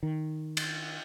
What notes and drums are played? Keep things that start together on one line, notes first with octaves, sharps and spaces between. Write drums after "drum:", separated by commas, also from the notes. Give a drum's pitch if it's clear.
D#3
drum: cymbal